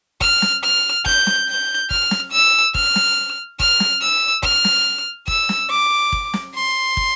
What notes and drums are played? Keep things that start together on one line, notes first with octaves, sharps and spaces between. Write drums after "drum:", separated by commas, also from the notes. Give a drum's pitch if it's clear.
F6, drum: kick
drum: snare
F6
G6, drum: kick
drum: snare
G6
F6, drum: kick
drum: snare
E6
F6, drum: kick
drum: snare
F6, drum: kick
drum: snare
E6
F6, drum: kick
drum: snare
E6, drum: kick
drum: snare
D6
drum: kick
drum: snare
C6
drum: kick